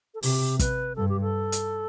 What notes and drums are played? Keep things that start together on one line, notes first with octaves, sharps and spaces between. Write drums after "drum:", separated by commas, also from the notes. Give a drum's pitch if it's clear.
A4
C3 G4, drum: open hi-hat
B4, drum: kick, hi-hat
G2 A4
G4
A4
drum: hi-hat